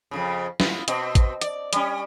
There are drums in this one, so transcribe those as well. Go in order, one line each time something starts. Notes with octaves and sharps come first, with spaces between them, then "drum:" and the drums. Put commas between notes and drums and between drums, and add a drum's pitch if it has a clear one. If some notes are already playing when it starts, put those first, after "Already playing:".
F2 A2 C#3
B3 E4 F4, drum: snare
B2 C4 D#5, drum: hi-hat
drum: kick A1, hi-hat
D5, drum: hi-hat
G3 C#4, drum: hi-hat